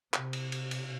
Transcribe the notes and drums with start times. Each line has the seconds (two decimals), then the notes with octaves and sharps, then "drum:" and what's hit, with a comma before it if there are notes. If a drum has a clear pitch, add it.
0.14 C3, drum: clap
0.33 drum: cymbal
0.52 drum: cymbal
0.71 drum: cymbal